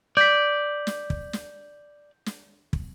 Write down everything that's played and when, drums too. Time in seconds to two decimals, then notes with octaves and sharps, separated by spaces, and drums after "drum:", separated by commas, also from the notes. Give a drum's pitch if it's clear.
0.17 D5 G6 B6
0.87 drum: snare
1.10 drum: kick
1.33 drum: snare
2.26 drum: snare
2.73 drum: kick